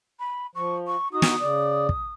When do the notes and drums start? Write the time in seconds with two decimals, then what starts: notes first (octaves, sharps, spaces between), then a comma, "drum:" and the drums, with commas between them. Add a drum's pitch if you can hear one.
0.20 B5
0.55 F3 C#6
0.87 C#6
1.13 D#4 F#4 D#6
1.22 drum: snare
1.41 C#3 D5
1.89 drum: kick